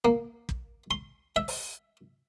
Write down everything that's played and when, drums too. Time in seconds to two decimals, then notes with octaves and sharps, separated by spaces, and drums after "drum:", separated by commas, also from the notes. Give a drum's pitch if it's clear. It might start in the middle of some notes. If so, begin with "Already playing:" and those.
0.05 A#3
0.49 drum: kick
0.91 C6
1.36 E5
1.48 drum: open hi-hat